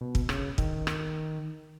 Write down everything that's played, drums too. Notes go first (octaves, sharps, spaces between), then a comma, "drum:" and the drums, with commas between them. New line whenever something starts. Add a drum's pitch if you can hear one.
B2
drum: kick
C#3, drum: rim click
D#3, drum: kick
drum: rim click